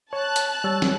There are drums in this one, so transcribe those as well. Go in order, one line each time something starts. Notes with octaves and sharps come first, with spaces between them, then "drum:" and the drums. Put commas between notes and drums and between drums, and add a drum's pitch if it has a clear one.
C#5 A5 F#6
drum: hi-hat
G3 C#5 E6
drum: snare